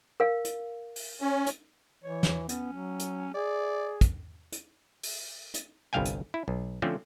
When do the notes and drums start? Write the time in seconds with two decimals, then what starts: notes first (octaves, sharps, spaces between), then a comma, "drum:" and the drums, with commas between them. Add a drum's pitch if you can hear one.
0.20 A#4 F5
0.45 drum: hi-hat
0.96 drum: open hi-hat
1.21 C#4
1.47 drum: hi-hat
2.04 E3 C#5
2.23 drum: snare
2.49 B3 C#4, drum: hi-hat
2.73 F#3
2.99 drum: hi-hat
3.34 G#4 D5
4.01 drum: kick, hi-hat
4.52 drum: hi-hat
5.03 drum: open hi-hat
5.54 drum: hi-hat
5.93 G1 C2 G2 F5 G5 G#5
6.05 drum: hi-hat
6.34 E4
6.48 B1
6.82 D3 F3 A3 C4 C#4